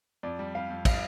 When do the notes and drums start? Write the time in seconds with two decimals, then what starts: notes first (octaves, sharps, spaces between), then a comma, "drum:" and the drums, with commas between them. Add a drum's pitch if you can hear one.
0.23 F2 D5
0.39 G3
0.55 G3 F5
0.70 F2
0.85 G3 F5, drum: kick, cymbal